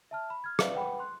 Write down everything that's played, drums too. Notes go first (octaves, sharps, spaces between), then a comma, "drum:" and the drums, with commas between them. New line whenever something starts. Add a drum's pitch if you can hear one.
E5 A5 F6
B5
F6 G#6
B4 D5 E5 F5, drum: rim click
B4 F#5 G5 B5
C6 F#6